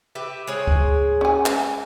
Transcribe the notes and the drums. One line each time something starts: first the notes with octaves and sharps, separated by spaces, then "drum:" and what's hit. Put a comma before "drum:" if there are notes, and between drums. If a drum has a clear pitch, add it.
G4 B4 E5
G#3 G#4 C#5
drum: kick C#2
C#4 G#5
drum: clap